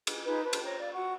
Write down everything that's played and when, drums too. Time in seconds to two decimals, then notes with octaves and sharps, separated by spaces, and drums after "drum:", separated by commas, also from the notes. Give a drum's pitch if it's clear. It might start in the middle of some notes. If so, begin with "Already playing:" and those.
0.07 G#4, drum: cymbal
0.26 D#4 F4 G#4 B4
0.44 B4 C5 A5
0.53 drum: cymbal
0.64 C5 C#5 G5 A#5
0.79 D5 F5
0.93 F#4 F#5 C#6